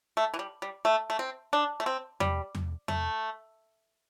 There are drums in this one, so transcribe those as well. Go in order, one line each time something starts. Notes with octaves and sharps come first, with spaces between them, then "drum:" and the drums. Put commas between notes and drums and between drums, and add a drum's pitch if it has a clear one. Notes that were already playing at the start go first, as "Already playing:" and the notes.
A3
E3
G3
G3
A3
A3
C4
D4
A3
C4
G3, drum: tom E2
drum: tom E2
A3, drum: tom E2